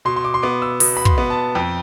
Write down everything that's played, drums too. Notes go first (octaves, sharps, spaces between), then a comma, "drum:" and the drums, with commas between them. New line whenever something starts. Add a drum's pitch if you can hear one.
B2 C6
C6
D6
C6
B3 D6
E6
B2, drum: open hi-hat
B5
C6, drum: kick
B3
A5
F2 G5